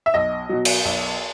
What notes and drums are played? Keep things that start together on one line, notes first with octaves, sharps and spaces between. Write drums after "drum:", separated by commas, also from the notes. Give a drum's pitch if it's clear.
E5
B1 D#5
B2 F#3
drum: cymbal
B1